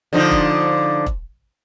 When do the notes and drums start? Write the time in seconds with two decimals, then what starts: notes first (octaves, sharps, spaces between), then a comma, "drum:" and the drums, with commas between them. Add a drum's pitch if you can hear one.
0.13 D3 F3 D#4
0.31 drum: kick E1
1.06 drum: kick E1